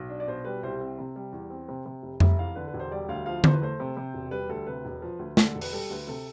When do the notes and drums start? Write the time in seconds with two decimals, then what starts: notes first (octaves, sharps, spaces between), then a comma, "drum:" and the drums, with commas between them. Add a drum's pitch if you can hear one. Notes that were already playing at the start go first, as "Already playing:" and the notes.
Already playing: B1
0.09 D4
0.20 D5
0.27 B2 C5
0.44 G3 B4
0.63 C2 C5
0.81 C4
0.98 C3
1.16 G3
1.32 E2
1.50 C4
1.68 C3
1.85 C3
2.03 F1
2.20 F1 E5, drum: tom F2
2.39 E2 F5
2.55 D3 B4
2.68 B4
2.74 E1
2.80 C5
2.91 G3 D5
3.08 D2 F5
3.26 F3 F5
3.44 E2 C5, drum: tom D3
3.53 B4
3.62 A3 C5
3.80 C3
3.97 C3
4.14 E1
4.31 G3 B4
4.49 D2 A4
4.66 C3 B4
4.85 E1
5.02 F3
5.19 D2
5.37 D3 A4, drum: snare
5.49 A4
5.55 E1
5.61 B4, drum: open hi-hat
5.72 G3 A4
5.90 D2 B4
6.07 C3 A4